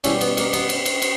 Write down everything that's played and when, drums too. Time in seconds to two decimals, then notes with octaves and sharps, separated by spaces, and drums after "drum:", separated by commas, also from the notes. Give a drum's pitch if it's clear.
0.04 B2 G3 C#4 E4, drum: cymbal
0.21 B3, drum: cymbal
0.37 A#3, drum: cymbal
0.53 B3, drum: cymbal
0.69 drum: cymbal
0.85 drum: cymbal
1.02 drum: cymbal